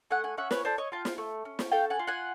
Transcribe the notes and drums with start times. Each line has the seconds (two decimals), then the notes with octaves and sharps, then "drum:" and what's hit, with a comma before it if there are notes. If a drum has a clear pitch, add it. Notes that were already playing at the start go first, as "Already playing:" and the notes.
0.10 A3 F#5 G#5
0.24 F#5 G#5
0.37 C#4 E5 F#5
0.51 B4 C#5, drum: snare
0.65 A4 C5 D5
0.78 C#5 D#5
0.92 F4 G5 A5
1.05 drum: snare
1.18 A3
1.45 C#4
1.59 drum: snare
1.72 A4 F5 G5
1.90 F#5 G#5
1.99 F4
2.07 F#5 G#5